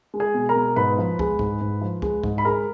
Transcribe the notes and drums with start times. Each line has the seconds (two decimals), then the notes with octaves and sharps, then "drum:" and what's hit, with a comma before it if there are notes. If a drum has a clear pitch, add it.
0.14 G#3
0.20 G#4 G#5
0.34 B2
0.49 A#4 A#5
0.56 B2
0.76 G#2 B4 B5
0.98 F3
1.19 G#3, drum: kick
1.39 G#2, drum: kick
1.61 G#2
1.81 F3
2.02 G#3, drum: kick
2.23 G#2, drum: kick
2.38 B5
2.45 G#3 A#4 A#5